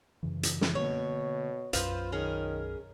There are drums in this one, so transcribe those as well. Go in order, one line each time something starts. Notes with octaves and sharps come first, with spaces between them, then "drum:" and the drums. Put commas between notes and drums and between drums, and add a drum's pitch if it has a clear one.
F#2 C#3 E3
drum: hi-hat
drum: snare
B2 D3 A#3 C#5
B1 F#2 F4 B4 C5, drum: hi-hat
D#3 C#4 G#4 A#4